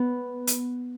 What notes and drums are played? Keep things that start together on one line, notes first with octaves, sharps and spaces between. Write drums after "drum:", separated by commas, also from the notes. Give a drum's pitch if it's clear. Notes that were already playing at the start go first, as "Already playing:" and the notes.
Already playing: B3
drum: hi-hat